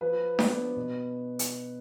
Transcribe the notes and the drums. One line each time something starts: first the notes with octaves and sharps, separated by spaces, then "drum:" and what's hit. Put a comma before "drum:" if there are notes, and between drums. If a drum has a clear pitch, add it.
F3 B4
B3 D4, drum: snare D4
B2
drum: hi-hat